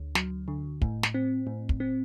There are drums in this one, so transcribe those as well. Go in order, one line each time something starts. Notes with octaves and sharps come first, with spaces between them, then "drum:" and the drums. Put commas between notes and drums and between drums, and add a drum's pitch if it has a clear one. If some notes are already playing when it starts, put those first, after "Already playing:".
Already playing: D2 D3
F#3, drum: snare
D3
A2, drum: kick
drum: snare
C4
A2
drum: kick
C4